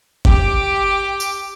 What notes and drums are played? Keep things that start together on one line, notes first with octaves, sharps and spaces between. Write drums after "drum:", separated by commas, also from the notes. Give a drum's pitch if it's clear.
G4 D6, drum: kick G1
drum: tambourine